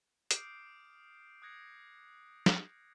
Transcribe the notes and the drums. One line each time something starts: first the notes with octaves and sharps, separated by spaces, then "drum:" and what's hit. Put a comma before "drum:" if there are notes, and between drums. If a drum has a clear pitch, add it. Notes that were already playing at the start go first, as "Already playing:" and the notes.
D6 D#6 F6 G6 C7 D7, drum: hi-hat
D#6 F#6 G#6 A#6 C7 C#7
drum: snare